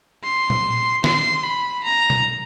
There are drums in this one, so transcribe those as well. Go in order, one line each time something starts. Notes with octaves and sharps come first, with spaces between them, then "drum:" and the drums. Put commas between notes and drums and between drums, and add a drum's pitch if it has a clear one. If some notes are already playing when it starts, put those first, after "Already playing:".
C6
drum: tom A#2
C6, drum: snare
B5
A#5
drum: tom B2